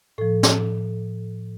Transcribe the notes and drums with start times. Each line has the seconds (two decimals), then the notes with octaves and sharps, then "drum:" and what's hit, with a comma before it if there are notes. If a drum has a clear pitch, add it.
0.18 A2 F3 A4
0.43 drum: snare